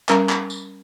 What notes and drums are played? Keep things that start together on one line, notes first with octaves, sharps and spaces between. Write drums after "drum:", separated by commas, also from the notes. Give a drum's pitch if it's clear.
G3 C#4 A#4 A#5, drum: clap
drum: clap
drum: tambourine